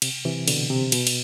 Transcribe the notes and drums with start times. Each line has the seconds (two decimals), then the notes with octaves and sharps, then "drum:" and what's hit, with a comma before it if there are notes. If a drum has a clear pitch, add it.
0.02 C3, drum: cymbal
0.25 C3 E3
0.48 B2 D3, drum: cymbal
0.70 C3
0.92 B2, drum: cymbal
1.07 drum: cymbal